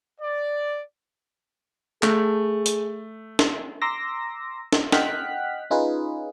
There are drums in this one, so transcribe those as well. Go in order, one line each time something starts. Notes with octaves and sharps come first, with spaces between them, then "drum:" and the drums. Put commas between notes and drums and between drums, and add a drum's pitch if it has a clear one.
D5
A3 G#4, drum: clap
drum: hi-hat
drum: snare
A#5 C6 D6 E6 A#6
drum: snare
D#5 F#5 G5 F6 F#6 B6, drum: snare
C#4 D#4 F4 G#4 B4